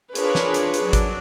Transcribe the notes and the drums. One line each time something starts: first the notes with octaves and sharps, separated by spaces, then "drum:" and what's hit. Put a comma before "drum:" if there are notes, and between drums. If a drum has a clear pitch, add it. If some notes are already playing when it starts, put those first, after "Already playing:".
D4 F4 G#4 A#4 B4 C#5, drum: hi-hat
drum: snare
drum: hi-hat
drum: hi-hat
F#3 D4
drum: kick G#1, hi-hat